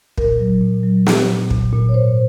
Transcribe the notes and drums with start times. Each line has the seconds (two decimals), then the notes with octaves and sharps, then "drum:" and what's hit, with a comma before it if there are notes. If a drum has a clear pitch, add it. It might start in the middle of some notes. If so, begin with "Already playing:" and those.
0.18 A#2 A#4, drum: kick
0.39 F#3
0.61 A#2
0.84 F#3
1.07 F#3, drum: snare
1.29 A#2
1.50 A#2, drum: kick
1.72 A#2
1.89 C#5
1.94 G#2 C5